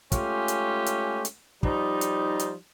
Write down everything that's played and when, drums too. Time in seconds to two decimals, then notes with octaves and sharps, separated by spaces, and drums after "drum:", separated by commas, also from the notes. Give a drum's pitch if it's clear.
0.12 G#3 A3 C#4 F4 G4, drum: kick, hi-hat
0.48 drum: hi-hat
0.86 drum: hi-hat
1.25 drum: hi-hat
1.63 F3 G3 D#4, drum: kick
2.01 drum: hi-hat
2.39 drum: hi-hat